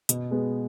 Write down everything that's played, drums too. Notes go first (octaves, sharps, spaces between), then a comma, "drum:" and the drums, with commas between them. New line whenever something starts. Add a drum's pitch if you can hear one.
B2, drum: hi-hat
G#3 B3